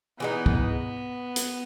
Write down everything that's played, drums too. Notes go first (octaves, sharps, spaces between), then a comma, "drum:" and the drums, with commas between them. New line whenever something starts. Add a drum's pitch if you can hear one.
E3 G#3 B3 D#4
drum: kick
drum: hi-hat